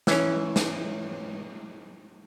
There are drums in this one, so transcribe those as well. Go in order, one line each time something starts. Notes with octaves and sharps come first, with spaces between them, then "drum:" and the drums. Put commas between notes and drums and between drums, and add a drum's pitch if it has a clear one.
E3 C#4, drum: snare
drum: snare